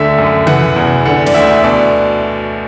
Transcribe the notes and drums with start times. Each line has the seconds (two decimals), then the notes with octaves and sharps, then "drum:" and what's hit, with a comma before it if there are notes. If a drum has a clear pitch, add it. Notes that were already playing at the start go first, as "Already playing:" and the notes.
Already playing: D2 D3 E5
0.18 F#2
0.47 E3 F#5, drum: tom
0.76 E2
1.06 D3 F#5
1.26 D5, drum: snare
1.34 D2 E5
1.64 B2 D5